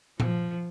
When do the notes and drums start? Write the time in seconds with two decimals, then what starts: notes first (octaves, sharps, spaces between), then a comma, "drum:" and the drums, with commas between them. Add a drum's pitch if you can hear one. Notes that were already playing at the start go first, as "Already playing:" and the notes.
0.20 F3, drum: tom A#2